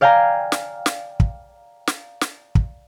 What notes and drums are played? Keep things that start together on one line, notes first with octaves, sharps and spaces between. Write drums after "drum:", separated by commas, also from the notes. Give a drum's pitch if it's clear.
D5 F5 G5 G#5 A#5
drum: snare
drum: snare
drum: kick
drum: snare
drum: snare
drum: kick